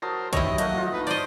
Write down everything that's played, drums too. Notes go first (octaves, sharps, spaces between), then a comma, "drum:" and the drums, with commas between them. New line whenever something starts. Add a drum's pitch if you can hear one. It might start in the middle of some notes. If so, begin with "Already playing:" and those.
F#3 A#4 C5 A5 D#6
G2 D#3 E3 E4 C#5 D#5, drum: kick, hi-hat
F#3 A3 A#3 F#4 D#5, drum: hi-hat
F4
D#4 B4
C5 D5 D#5, drum: open hi-hat